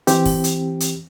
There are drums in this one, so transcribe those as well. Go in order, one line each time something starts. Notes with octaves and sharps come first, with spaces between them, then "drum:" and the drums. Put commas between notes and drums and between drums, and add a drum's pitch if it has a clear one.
E3 C4 G4, drum: hi-hat
drum: kick, open hi-hat
drum: hi-hat
drum: hi-hat